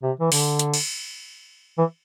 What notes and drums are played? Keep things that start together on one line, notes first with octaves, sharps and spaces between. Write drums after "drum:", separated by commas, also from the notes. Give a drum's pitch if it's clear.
C3
E3
D3, drum: open hi-hat
drum: hi-hat
drum: cymbal
E3